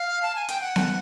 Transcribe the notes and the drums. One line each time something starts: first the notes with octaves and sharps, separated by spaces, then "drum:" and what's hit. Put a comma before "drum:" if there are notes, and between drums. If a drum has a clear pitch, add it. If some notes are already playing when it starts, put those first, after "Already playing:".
Already playing: F5
A5
G#5
G5, drum: hi-hat
F#5
drum: snare B3